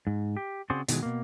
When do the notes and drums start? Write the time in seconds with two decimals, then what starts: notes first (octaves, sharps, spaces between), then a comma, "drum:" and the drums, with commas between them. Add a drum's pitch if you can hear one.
0.07 G#2
0.37 G4
0.70 C#3 C4 F#4 G#4 C5 D5
0.88 B2 D#3 E3 F#3 G#3, drum: hi-hat
1.03 B2 A#3